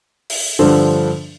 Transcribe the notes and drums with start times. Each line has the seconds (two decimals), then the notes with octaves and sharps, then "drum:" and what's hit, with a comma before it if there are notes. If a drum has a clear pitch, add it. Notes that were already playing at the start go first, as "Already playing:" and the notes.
0.30 drum: open hi-hat
0.59 G2 D3 F3 A4 C5